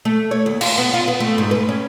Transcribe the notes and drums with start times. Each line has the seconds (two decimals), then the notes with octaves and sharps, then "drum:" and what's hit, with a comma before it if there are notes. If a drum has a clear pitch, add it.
0.05 A3
0.31 C#5
0.46 D#2
0.61 F4, drum: cymbal
0.78 B3
0.94 F4
1.08 B3
1.20 A3
1.38 G#2
1.51 B4
1.69 C#4